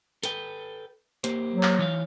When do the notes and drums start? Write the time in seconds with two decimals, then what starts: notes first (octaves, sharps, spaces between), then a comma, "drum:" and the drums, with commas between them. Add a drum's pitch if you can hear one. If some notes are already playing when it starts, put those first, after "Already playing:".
0.23 A4 B4 G5, drum: hi-hat
1.24 A#3 G4 C5, drum: hi-hat
1.52 F#3
1.63 drum: clap
1.79 E3 C#5 F5